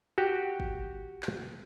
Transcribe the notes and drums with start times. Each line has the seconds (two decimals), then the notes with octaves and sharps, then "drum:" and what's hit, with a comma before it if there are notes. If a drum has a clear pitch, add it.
0.18 F#4 G4 G5
0.60 drum: kick
1.23 drum: clap